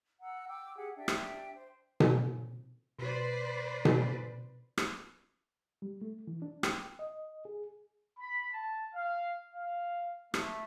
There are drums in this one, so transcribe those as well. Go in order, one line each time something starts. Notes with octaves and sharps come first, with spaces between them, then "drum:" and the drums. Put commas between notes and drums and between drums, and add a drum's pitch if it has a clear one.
F#5 A#5 E6
G5 D6 E6
G4 G#4 F#5
D4 G4 E5 G5
drum: rim click
C5
drum: tom B2
B2 F#4 B4 C5 D5
drum: tom B2
drum: rim click
G3
A3
E3
D4
G5, drum: rim click
D#5
G#4
B5
A5
F5
F5
A3, drum: rim click